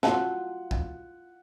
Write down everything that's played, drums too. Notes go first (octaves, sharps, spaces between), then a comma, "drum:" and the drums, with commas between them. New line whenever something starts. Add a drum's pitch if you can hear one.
F#3 F4 A4 F#5, drum: snare
drum: kick